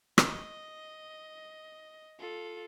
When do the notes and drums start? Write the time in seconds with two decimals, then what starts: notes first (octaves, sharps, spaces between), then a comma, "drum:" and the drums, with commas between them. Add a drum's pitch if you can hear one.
0.18 D#5, drum: rim click
2.19 F4 A4